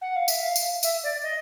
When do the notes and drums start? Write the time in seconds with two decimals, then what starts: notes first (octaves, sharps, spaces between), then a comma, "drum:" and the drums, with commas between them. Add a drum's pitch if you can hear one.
0.01 F#5
0.15 F5
0.28 E5, drum: tambourine
0.41 F5
0.56 drum: tambourine
0.83 E5, drum: tambourine
1.03 D5
1.23 D#5